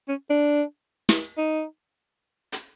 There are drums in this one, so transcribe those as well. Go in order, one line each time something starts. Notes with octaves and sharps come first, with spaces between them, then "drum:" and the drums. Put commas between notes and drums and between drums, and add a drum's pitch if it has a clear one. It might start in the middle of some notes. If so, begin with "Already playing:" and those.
C#4
D4
drum: snare
D#4
drum: hi-hat